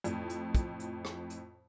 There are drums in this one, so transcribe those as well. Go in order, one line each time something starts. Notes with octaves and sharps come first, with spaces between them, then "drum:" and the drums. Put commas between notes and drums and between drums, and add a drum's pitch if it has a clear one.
F2 A2, drum: hi-hat
drum: hi-hat
drum: kick, hi-hat
drum: hi-hat
drum: rim click
drum: hi-hat